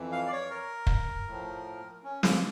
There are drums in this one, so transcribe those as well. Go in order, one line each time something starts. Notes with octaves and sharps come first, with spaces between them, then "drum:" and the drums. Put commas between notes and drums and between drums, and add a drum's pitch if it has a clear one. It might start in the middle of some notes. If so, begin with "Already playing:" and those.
Already playing: F2 E3
F5
D5
C#5
A#4
drum: kick
A2 F3
C#4
A#3, drum: snare